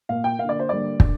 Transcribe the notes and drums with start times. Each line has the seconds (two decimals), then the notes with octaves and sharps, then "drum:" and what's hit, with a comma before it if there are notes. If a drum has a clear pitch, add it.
0.09 A#2 A#3 F5
0.24 G5
0.39 A#3 F5
0.44 D3 D5
0.60 C5
0.69 D3 G3 A#3 D5
1.00 D3, drum: kick